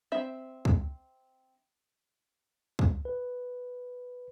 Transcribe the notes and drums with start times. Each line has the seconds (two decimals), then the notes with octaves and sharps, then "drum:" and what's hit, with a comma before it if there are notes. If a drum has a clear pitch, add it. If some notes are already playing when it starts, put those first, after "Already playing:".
0.12 C4 E5
0.65 drum: kick
2.79 drum: kick
3.05 B4